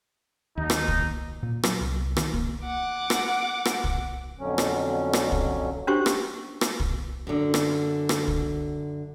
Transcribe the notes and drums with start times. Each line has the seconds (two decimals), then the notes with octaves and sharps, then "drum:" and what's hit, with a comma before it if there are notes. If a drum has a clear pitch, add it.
0.58 D#2 D#4
0.70 drum: rim click
0.88 drum: kick
1.43 A#2
1.63 F#3, drum: rim click
1.80 C2
2.17 D#3, drum: rim click
2.34 A#3, drum: kick
2.65 F#5 D6
3.10 drum: rim click
3.65 drum: rim click
3.84 drum: kick
4.39 F2 B2 D3 F#3 C#4
4.58 drum: rim click
5.13 drum: rim click
5.32 drum: kick
5.87 C#4 D4 F#4 G4 C5 C#6
6.06 drum: rim click
6.61 drum: rim click
6.80 drum: kick
7.27 F#2 D3
7.54 drum: rim click
8.09 drum: rim click
8.28 drum: kick